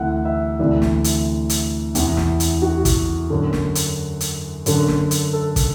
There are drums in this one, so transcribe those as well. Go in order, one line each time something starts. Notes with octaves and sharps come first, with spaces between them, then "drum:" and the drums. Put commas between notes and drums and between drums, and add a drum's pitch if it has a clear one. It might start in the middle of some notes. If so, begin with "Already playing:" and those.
Already playing: D2 C3 E3 E5 F#5
E5
D2 C3 E3 D5
drum: snare
drum: hi-hat
drum: hi-hat
E2 C3 E3, drum: hi-hat
drum: snare
drum: hi-hat
F#4
drum: kick, hi-hat
F#2 D3
drum: snare
drum: hi-hat
drum: hi-hat
F#2 D3, drum: hi-hat
drum: snare
drum: hi-hat
A4
drum: kick, hi-hat